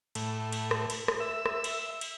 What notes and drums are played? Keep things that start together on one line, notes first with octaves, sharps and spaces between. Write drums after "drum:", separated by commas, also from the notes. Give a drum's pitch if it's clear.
A2, drum: cymbal
drum: cymbal
drum: rim click
drum: cymbal
drum: rim click
E5
drum: rim click
drum: cymbal
drum: cymbal